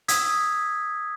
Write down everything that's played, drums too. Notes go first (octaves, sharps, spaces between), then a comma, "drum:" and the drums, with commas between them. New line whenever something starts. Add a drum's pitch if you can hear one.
D#6 E6 G#6 B6, drum: hi-hat